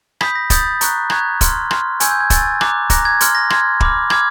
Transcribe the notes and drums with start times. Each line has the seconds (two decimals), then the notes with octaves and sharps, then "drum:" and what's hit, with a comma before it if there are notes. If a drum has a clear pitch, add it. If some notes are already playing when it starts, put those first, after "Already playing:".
0.21 B5 D#6 G6 B6, drum: rim click
0.35 A#6
0.50 B5 D#6 G6 A6, drum: kick, hi-hat
0.81 A#5 C#6 F#6, drum: hi-hat
1.10 A#5 C#6 F#6 G#6, drum: rim click
1.41 C6 F6, drum: kick, hi-hat
1.71 C6 F6, drum: rim click
2.00 G#5 C#6 E6 G6 G#6, drum: hi-hat
2.11 G6
2.20 G#6
2.30 G#5 C#6 E6 G6 A6, drum: kick, hi-hat
2.61 A#5 D6 F#6, drum: rim click
2.90 A#5 D6 F#6 A#6, drum: kick, hi-hat
3.05 G#6
3.21 C6 F6 G#6, drum: hi-hat
3.35 A#6
3.50 C6 F6 G#6, drum: rim click
3.80 B5 D6 F6, drum: kick
4.10 B5 D6 F6 G#6, drum: rim click